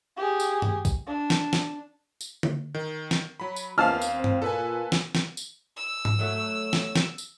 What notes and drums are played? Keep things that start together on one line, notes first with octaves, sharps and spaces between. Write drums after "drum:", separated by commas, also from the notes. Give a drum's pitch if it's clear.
G4 G#4
drum: tambourine
drum: tom G2
drum: kick, tambourine
D4
drum: snare
drum: snare
drum: tambourine
drum: tom D3
D#3
drum: snare
F#3 B5
drum: tambourine
D#2 D#3 B3 C4 F5 A5 F6
drum: tambourine
C4
drum: tom G2
A#2 A4 B4 G#5
drum: snare
drum: snare
drum: tambourine
E6
drum: tom G#2
F#3 A3
drum: snare
drum: snare
drum: tambourine